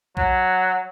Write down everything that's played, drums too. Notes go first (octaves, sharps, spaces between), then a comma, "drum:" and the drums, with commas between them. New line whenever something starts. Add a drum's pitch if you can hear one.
F#3, drum: kick A#1